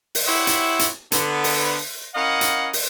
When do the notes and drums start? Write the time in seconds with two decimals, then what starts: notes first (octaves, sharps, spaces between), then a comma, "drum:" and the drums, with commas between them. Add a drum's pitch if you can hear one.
0.15 drum: open hi-hat
0.27 E4 G4 C5 C#5 E5 F#5
0.47 drum: hi-hat
0.79 drum: hi-hat
1.12 D3 B3, drum: hi-hat
1.44 drum: open hi-hat
2.15 C#4 E4 A#4 D#5 F5 F#5
2.41 drum: hi-hat
2.73 drum: open hi-hat